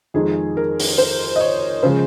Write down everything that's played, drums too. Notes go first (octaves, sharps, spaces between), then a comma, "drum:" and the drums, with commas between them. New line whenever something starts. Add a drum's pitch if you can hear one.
F2 D#3 G#3 G#4
A#4
drum: open hi-hat
C5
D#5
C#5
C#3 F3 G#3 C5